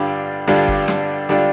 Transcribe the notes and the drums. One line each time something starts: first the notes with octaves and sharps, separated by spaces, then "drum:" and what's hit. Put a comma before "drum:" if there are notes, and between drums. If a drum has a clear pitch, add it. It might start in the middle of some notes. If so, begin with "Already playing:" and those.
Already playing: G2 D3 G3 D4 F4
G2 D3 G3 D4 F4
drum: kick F#1
drum: snare
D3 G3 D4 F4